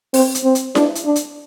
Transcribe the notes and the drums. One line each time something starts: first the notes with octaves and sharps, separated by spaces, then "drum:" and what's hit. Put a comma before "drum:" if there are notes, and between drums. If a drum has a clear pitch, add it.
C4, drum: open hi-hat
drum: hi-hat
C4
drum: hi-hat
D4, drum: snare E4
drum: hi-hat
D4
drum: hi-hat